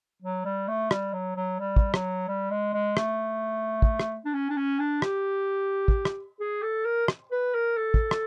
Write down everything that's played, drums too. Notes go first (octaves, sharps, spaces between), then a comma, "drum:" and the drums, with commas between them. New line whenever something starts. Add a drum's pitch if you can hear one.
F#3
G3
A3
G3, drum: rim click
F#3
F#3
G3
drum: kick
F#3, drum: rim click
G3
G#3
G#3
A3, drum: rim click
drum: kick
drum: rim click
D4
C#4
D4
C#4
D4
G4, drum: rim click
drum: kick
drum: rim click
G#4
A4
A#4
drum: rim click
B4
A#4
A4
drum: kick
drum: rim click